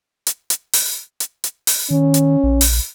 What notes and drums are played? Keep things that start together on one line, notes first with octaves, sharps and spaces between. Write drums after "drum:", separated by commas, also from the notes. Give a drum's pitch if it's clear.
drum: hi-hat
drum: hi-hat
drum: open hi-hat
drum: hi-hat
drum: hi-hat
drum: open hi-hat
D#3 C#4
drum: hi-hat
A#1
drum: open hi-hat